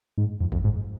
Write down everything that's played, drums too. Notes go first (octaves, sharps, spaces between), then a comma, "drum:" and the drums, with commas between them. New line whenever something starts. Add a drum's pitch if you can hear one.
G#2
F2
F2, drum: kick
G#2